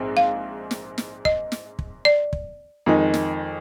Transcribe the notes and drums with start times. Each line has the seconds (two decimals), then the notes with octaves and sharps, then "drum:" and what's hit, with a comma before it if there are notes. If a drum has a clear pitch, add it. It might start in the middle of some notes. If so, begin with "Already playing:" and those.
Already playing: A#1 G#2 C4
0.17 F5
0.71 drum: snare
0.98 drum: snare
1.25 D#5, drum: kick
1.52 drum: snare
1.79 drum: kick
2.05 D5
2.33 drum: kick
2.86 F2 D#3 G#3 D#4
3.14 drum: snare